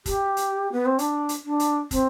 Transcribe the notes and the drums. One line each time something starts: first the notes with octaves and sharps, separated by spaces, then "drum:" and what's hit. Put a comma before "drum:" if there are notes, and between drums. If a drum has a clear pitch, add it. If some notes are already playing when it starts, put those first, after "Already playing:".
G4, drum: kick, hi-hat
drum: hi-hat
B3
C4
D4, drum: hi-hat
drum: hi-hat
D4
drum: hi-hat
C4, drum: kick, hi-hat